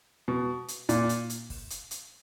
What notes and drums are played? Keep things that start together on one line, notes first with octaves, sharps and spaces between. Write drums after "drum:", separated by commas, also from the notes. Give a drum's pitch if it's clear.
B2
drum: hi-hat
A#2, drum: hi-hat
drum: hi-hat
drum: hi-hat
drum: kick, open hi-hat
drum: hi-hat
drum: hi-hat